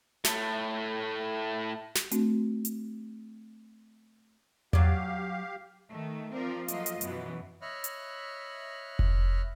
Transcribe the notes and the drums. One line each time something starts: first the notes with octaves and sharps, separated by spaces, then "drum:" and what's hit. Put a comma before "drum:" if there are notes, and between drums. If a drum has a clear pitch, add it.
A2 A3, drum: snare
drum: snare
A3 C4 D4 F#4, drum: hi-hat
drum: hi-hat
F#3 G4 D5 F5, drum: tom E2
D#3 A3
F3 C4 F4 A#4 D5
F3 F#3 A3 A#3 F4 D#5, drum: hi-hat
drum: hi-hat
F#2 B2 E3 F#3, drum: hi-hat
C#5 D#5 E5 B5 F6 F#6
drum: hi-hat
drum: kick F1